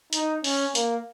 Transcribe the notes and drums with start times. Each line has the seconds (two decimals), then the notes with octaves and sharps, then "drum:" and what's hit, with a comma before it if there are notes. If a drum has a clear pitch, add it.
0.13 D#4, drum: hi-hat
0.44 C#4, drum: open hi-hat
0.75 A#3, drum: hi-hat